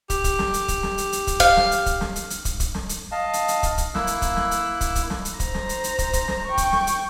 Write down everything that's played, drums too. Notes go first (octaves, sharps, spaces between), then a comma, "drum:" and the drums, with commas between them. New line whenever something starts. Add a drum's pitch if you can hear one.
G4, drum: kick, hi-hat
drum: kick, hi-hat
drum: snare
drum: hi-hat
drum: kick, hi-hat
drum: snare
drum: hi-hat
drum: hi-hat
drum: kick, hi-hat
F5, drum: kick, hi-hat
drum: snare
drum: hi-hat
drum: kick, hi-hat
drum: snare
drum: hi-hat
drum: hi-hat
drum: kick, hi-hat
drum: kick, hi-hat
drum: snare
drum: hi-hat
D#5 F5 A5
drum: hi-hat
drum: hi-hat
drum: kick, hi-hat
drum: kick, hi-hat
A#3 E4 E6 F#6, drum: snare
drum: hi-hat
drum: kick, hi-hat
drum: snare
drum: hi-hat
drum: kick, hi-hat
drum: kick, hi-hat
drum: snare
drum: hi-hat
C5 A#5, drum: kick, hi-hat
drum: snare
drum: hi-hat
drum: hi-hat
drum: kick, hi-hat
drum: kick, hi-hat
drum: snare
G5 C#6
drum: kick, hi-hat
drum: snare
drum: hi-hat